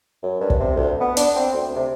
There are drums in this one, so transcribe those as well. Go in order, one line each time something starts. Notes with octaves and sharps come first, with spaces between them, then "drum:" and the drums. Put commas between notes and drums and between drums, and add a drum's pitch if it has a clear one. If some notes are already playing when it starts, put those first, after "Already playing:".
F#2
G2
drum: kick
C3
D2
B3
D4, drum: hi-hat
C4
D2
C3